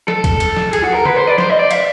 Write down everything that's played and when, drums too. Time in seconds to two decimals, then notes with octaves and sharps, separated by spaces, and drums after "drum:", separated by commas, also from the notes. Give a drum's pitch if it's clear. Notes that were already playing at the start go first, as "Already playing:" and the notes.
0.08 A4, drum: snare F3
0.24 drum: kick, cymbal
0.40 drum: cymbal
0.57 drum: snare F3
0.73 G#4, drum: cymbal
0.84 F#4
0.94 A#4
1.05 B4, drum: tom
1.16 C5
1.27 D5
1.38 C5, drum: snare F3
1.50 D#5
1.59 D5
1.71 E5, drum: cymbal